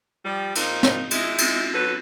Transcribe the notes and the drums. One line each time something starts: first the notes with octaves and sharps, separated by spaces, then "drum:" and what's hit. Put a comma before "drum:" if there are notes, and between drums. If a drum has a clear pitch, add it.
F3 G3
A#2 F3 D#4, drum: cymbal
drum: snare
G#3 D#4 E4, drum: cymbal
drum: cymbal
F#3 A4 B4